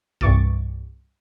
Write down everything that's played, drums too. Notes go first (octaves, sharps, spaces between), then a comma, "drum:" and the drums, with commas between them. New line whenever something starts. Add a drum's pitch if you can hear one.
C2 G2 E3 C#6 D6 A6, drum: kick A#1